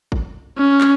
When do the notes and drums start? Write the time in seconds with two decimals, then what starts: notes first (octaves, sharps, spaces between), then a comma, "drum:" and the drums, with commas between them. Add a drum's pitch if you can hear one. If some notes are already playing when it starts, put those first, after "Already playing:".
0.12 drum: kick
0.58 C#4
0.81 drum: clap